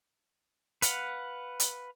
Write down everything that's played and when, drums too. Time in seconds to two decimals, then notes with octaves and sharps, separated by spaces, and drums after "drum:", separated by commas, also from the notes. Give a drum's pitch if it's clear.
0.82 B4 F5 F#5, drum: hi-hat
1.60 drum: hi-hat